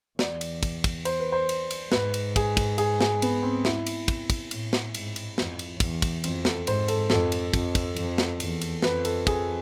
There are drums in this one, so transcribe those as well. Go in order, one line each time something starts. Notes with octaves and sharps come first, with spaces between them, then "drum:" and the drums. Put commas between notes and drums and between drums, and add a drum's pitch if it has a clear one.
E2 D5, drum: snare
drum: cymbal
drum: kick, cymbal
drum: kick, cymbal
C5, drum: cymbal
B4
C5
drum: cymbal
drum: cymbal
G#2 B4, drum: snare
drum: cymbal
G#4, drum: kick, cymbal
drum: kick, cymbal
G#4, drum: cymbal
G#4, drum: snare
B3, drum: cymbal
C4
E4, drum: snare
drum: cymbal
drum: kick, cymbal
drum: kick, cymbal
A2, drum: cymbal
drum: snare
G#2, drum: cymbal
drum: cymbal
F2, drum: snare
drum: cymbal
E2, drum: kick, cymbal
drum: kick, cymbal
F2 C4, drum: cymbal
A4, drum: snare
G#2 C5, drum: cymbal
A4, drum: cymbal
F2 A4, drum: snare
drum: cymbal
F2, drum: kick, cymbal
drum: kick, cymbal
F2, drum: cymbal
drum: snare
E2, drum: cymbal
drum: cymbal
F2 B4, drum: snare
A4, drum: cymbal
G#4, drum: kick, cymbal